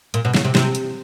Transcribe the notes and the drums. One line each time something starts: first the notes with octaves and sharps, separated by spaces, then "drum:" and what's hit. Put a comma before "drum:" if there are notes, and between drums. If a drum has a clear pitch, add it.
A#2, drum: hi-hat
B2
C#3, drum: snare
C3
C3, drum: snare
drum: hi-hat